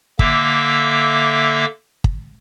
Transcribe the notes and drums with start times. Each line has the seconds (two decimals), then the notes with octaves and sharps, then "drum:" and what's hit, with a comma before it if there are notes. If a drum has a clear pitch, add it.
0.19 D3 A#3 E5 D6 E6, drum: kick
2.04 drum: kick